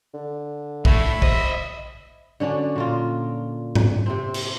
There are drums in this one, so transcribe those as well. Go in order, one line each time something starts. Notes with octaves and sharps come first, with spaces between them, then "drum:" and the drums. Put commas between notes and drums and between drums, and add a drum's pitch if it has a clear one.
D3
A2 E4, drum: kick A#1
C5 D#5 E5, drum: kick A#1
D3 C#4 D4 F#4
A#2 A#3 F4
drum: tom G#2
C3 C4
drum: cymbal